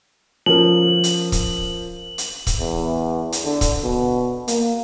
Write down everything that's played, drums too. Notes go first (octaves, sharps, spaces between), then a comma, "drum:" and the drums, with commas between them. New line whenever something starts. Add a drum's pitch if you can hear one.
F3 C#4 A#4 F#7
drum: hi-hat
drum: kick C#1, hi-hat
drum: hi-hat
drum: kick C#1, hi-hat
E2
drum: hi-hat
D3
drum: kick C#1, hi-hat
B2
A#3, drum: hi-hat